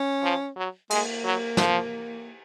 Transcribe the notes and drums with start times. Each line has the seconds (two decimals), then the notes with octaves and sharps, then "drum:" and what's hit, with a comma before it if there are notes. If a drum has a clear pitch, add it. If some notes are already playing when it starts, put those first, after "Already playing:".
Already playing: C#4
0.23 F3
0.57 F#3
0.90 G#3 A#3, drum: cymbal
1.24 F#3
1.57 F3, drum: snare